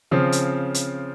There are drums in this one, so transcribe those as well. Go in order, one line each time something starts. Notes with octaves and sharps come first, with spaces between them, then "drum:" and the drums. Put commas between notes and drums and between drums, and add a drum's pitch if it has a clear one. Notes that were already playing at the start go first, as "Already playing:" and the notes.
C#3 F3 C4
drum: hi-hat
drum: hi-hat